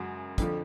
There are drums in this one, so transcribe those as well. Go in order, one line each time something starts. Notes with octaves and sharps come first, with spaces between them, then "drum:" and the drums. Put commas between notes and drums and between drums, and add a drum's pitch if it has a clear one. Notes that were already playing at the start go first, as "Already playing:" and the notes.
Already playing: F#2 C#3 G#3 F#4
F2 D3 F3, drum: kick, hi-hat